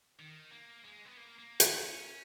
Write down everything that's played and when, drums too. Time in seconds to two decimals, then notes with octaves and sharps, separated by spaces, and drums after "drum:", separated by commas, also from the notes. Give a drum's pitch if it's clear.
0.19 D#3
0.52 A#3
0.85 G#3
1.05 B3
1.17 A#3
1.39 A#3
1.60 B3, drum: hi-hat
1.82 C#4